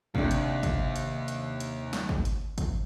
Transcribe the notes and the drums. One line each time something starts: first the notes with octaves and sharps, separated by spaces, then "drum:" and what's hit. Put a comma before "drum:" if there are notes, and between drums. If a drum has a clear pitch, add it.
D#2 C3 D4, drum: kick
drum: hi-hat
drum: kick, hi-hat
drum: hi-hat
drum: hi-hat
drum: hi-hat
drum: snare
drum: kick
drum: hi-hat
drum: kick, hi-hat